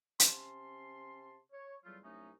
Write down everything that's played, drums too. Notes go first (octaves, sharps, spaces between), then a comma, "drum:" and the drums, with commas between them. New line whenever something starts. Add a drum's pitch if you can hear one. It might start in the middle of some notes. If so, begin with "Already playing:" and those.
C3 C#4 A5 C6, drum: hi-hat
C#5
E2 F#3 G3 A3 F4
C2 F#3 A3 C#4 D#4